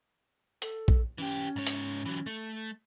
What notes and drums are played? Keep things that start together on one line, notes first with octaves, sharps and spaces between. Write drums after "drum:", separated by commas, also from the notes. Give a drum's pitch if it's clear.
A4, drum: hi-hat
drum: kick A#1
E3 C#4 G4
G#2 C#5
drum: hi-hat
E3 F#3
A3